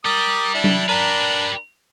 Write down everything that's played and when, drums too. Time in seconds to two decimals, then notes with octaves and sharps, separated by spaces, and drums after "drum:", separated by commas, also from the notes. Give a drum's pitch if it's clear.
0.05 G3 A#4 D6 D#6
0.54 D4 E4
0.64 drum: tom F#3
0.88 D4 G4 A#4 B4 A#5